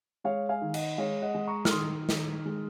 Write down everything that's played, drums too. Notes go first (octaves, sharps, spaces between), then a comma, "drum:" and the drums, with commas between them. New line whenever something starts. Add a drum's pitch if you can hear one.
G#3 C#5 F5
F5 G#5
D#3
D#5 F#5, drum: cymbal
G#3 C#5 F5
D#5 F#5
G#3
A#5 C#6
F6, drum: snare
D#3 C6 D#6
D#3, drum: snare
G#3